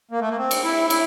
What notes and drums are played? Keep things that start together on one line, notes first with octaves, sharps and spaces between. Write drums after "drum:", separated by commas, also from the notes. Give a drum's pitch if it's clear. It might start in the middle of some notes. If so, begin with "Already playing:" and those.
A#3
A3
A#3
C4
drum: cymbal
E4
E4, drum: cymbal